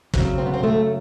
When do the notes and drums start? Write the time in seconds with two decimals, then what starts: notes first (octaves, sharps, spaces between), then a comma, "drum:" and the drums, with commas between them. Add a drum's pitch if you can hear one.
0.14 F#2 C#3 F#3 C4, drum: kick
0.38 C4
0.46 B3
0.54 C4
0.63 A3